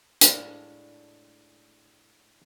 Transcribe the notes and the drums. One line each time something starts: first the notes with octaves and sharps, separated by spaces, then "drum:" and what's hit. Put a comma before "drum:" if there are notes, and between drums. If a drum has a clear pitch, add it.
A2 G#3 D4 F5, drum: hi-hat